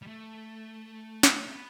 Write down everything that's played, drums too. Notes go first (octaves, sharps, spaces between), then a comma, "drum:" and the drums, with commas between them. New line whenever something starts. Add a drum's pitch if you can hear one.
G3
A3
drum: snare
B3